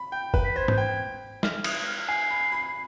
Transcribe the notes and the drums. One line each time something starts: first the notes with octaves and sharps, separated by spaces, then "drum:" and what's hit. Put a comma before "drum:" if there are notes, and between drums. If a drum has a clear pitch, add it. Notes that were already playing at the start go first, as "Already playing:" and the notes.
Already playing: B5
G5 G6
B4, drum: kick
B6
C5 G#6
G6, drum: tom G#2
G5 G#6
F6, drum: snare
D#6, drum: cymbal
F6
G#5 C7
B5
B5